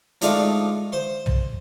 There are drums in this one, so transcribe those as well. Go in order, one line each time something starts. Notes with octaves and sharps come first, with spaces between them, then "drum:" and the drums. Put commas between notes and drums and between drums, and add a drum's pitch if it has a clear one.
F3 G#3 A3 D4 D#4 F4, drum: hi-hat
C5 C6
drum: tom